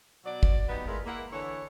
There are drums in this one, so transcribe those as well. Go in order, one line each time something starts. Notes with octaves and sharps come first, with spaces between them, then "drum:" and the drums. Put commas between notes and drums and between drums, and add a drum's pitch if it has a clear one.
B2 F#3 D5
drum: kick
B3 D#4 G4
G#3 A3 E4 F4 A#4 B4
A#3 E4 F#5
D3 E3 A4 C#5